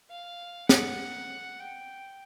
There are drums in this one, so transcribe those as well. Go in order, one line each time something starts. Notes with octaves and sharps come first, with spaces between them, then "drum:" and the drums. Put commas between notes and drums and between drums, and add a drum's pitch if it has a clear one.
F5
F#5, drum: snare
G5